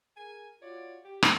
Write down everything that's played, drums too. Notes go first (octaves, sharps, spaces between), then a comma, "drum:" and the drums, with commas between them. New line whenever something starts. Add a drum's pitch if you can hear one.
G#4 A#4 G#5
F4 F#4 C#5 D5
G4
drum: rim click